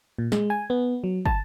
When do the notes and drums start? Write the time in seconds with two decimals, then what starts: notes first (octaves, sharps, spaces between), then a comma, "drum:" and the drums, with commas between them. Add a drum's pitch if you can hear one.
0.18 A#2
0.32 G#3, drum: snare
0.50 G#5
0.70 B3
1.04 F#3
1.26 A5, drum: kick